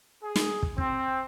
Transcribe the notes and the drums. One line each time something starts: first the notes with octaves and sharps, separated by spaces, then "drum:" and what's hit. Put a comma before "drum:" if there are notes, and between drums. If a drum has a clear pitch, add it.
G#4
drum: snare
drum: kick
C4, drum: kick